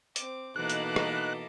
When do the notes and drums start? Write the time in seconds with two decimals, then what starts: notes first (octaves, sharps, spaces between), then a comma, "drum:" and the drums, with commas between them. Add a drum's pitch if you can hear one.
0.16 C4 D6, drum: hi-hat
0.56 B2 E3 A#3 D#4 A4 D#5 D6 F#6
0.70 drum: hi-hat
0.96 drum: rim click